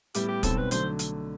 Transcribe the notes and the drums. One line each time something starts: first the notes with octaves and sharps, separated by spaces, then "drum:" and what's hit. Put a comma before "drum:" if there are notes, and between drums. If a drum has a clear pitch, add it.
A2 G3 B3 E4 G4, drum: hi-hat
G4
B1 B2 G3 C4 A4, drum: kick, hi-hat
B4
D3 F#3 A3 C5, drum: hi-hat
drum: hi-hat